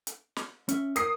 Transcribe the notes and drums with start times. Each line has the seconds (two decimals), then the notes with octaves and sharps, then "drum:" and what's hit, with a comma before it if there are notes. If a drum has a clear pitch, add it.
0.07 drum: hi-hat
0.36 drum: snare
0.69 C#4 E5, drum: hi-hat
0.96 A#4 D#6 C7, drum: hi-hat